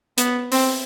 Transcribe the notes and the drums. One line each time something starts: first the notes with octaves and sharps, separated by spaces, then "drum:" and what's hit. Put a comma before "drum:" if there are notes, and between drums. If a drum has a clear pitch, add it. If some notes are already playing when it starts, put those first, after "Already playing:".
B3, drum: hi-hat
C4, drum: open hi-hat